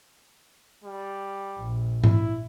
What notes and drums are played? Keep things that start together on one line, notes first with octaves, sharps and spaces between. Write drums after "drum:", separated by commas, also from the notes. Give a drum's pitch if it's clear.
G3
A#1
E4, drum: tom G#2